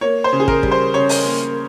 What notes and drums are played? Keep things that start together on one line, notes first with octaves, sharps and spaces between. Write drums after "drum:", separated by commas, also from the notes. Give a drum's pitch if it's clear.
A#3 C#5
C5
C#3
G#4
A#4, drum: kick
G3, drum: kick
C5
C#3 C#5
drum: open hi-hat
A#3